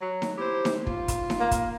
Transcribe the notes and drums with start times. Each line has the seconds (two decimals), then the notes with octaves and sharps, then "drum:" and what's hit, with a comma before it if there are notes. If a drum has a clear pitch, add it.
0.01 F#3
0.22 drum: snare D#4
0.38 E4 G4 C5
0.65 drum: snare D#4
0.87 F4, drum: kick
1.08 drum: kick, hi-hat
1.30 drum: snare D#4
1.40 A#3
1.51 drum: kick, hi-hat